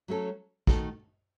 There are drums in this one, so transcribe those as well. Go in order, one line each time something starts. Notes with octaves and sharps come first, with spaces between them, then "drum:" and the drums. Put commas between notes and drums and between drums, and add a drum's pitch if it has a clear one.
F#3 A3 C#4 A4
D#3 A3 D#4 F#4 A4, drum: kick